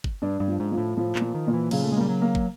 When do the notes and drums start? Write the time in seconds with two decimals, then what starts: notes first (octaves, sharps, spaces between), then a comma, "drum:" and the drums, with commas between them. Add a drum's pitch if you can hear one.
0.04 drum: kick
0.22 G2 D4
0.40 G2
0.48 F3
0.60 G#2
0.72 F3
0.78 A2
0.97 A2 F3
1.15 A#2, drum: clap
1.22 F3
1.35 D#3
1.47 A#2
1.54 E3
1.71 C#3 F#3, drum: cymbal
1.84 A3
1.92 G#3
1.97 G3 A#3
2.09 F#3
2.22 A#3
2.35 drum: kick